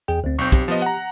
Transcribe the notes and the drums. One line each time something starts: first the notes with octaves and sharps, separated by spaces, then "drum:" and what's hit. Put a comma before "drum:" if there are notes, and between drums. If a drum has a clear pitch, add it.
E2 G#4 G5
D2 C4
B1 C4 C#6 G6
G4, drum: kick, hi-hat
F3 B3 D#5
F#5 A#5